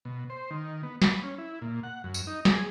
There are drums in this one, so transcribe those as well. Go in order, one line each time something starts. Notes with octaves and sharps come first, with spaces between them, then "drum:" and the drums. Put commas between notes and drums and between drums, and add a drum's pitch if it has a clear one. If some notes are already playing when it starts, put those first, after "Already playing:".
B2
C5
D#3
B3
B5, drum: snare
C#4
E4
A#2
F#5
F#2
drum: tambourine
D#4
G#4, drum: snare